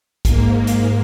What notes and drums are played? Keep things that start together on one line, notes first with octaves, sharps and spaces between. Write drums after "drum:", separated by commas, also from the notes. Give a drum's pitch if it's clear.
G#2 A#3, drum: kick, hi-hat
drum: hi-hat